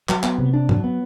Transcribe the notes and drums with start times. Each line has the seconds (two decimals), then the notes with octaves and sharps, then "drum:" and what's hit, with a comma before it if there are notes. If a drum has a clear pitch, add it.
0.09 F#3, drum: clap
0.23 B3, drum: clap
0.38 C3
0.54 D4
0.69 F#3, drum: tom
0.84 B3